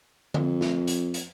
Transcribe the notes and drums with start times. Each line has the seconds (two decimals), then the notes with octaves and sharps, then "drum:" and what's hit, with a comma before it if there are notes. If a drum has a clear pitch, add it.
0.34 F2, drum: tom D3
0.61 drum: snare
0.87 drum: hi-hat
1.14 drum: hi-hat